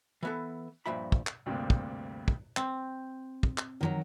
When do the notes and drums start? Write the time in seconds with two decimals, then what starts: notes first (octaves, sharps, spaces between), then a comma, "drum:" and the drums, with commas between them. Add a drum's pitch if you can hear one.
0.23 E3 B3 A4
0.86 G2 A#2 F3 E5 B5
1.12 drum: kick
1.27 drum: clap
1.46 D2 G2 C3 A#3
1.70 drum: kick
2.28 drum: kick
2.57 C4, drum: clap
3.43 drum: kick
3.58 drum: clap
3.81 D#3 E3 F#3